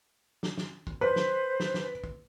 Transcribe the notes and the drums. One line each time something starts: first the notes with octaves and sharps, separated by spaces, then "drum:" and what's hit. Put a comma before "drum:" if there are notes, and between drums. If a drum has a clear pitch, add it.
drum: snare
drum: snare
drum: kick
B4 C5
drum: snare
drum: snare
drum: snare
drum: kick